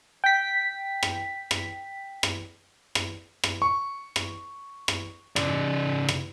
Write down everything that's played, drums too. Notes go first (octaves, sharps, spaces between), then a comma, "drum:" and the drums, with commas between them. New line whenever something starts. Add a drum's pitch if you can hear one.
G5 B6
drum: rim click
drum: rim click
drum: rim click
drum: rim click
drum: rim click
C#6
drum: rim click
drum: rim click
C#3 D5, drum: rim click
drum: rim click